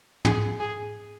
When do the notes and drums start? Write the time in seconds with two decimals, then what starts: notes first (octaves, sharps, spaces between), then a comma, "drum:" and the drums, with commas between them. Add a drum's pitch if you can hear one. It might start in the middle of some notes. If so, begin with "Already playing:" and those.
0.25 G#4, drum: tom
0.60 G#4